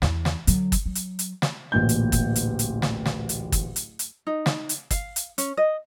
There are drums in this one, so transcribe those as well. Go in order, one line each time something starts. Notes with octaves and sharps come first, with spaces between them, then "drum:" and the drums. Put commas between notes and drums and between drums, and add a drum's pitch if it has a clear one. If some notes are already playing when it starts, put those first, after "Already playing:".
E2 E3, drum: snare
drum: snare
D3 F#3, drum: hi-hat
drum: kick G1, hi-hat
F#3
drum: hi-hat
drum: hi-hat
drum: snare
D1 A1 A#2 G6
drum: hi-hat
drum: kick G1, hi-hat
drum: hi-hat
drum: hi-hat
drum: snare
drum: snare
drum: hi-hat
drum: kick G1, hi-hat
drum: hi-hat
drum: hi-hat
D#4
drum: snare
drum: hi-hat
F5, drum: kick G1, hi-hat
drum: hi-hat
C#4, drum: hi-hat
D#5